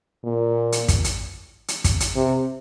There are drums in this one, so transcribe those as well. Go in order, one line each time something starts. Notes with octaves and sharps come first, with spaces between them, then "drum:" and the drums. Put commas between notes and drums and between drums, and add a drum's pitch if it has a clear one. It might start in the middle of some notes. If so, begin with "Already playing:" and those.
A#2
drum: hi-hat
drum: kick, hi-hat
drum: hi-hat
drum: hi-hat
drum: kick, hi-hat
drum: hi-hat
C3